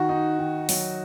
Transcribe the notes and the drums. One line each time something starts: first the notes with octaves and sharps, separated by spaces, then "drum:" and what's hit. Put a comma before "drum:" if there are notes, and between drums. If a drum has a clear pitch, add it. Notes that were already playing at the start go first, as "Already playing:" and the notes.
Already playing: D#3 F#4
D#4
D#3
F#3, drum: open hi-hat